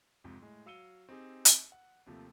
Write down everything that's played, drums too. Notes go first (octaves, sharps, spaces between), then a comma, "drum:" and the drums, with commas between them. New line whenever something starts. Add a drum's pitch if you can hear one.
F2 G#2 C3
A2 G#3
F#3 F5 E6 C#7 D#7 G7
C4 D#4 G4 G#4
drum: hi-hat
F#5
D#2 C3 F3 A3